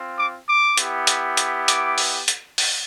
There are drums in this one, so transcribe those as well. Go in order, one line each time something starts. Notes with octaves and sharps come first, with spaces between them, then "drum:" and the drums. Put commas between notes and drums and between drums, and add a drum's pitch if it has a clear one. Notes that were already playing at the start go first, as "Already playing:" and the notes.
Already playing: C4 F4
D6
D6
B3 E4 G4, drum: hi-hat
drum: hi-hat
drum: hi-hat
D6, drum: hi-hat
drum: open hi-hat
drum: hi-hat
drum: open hi-hat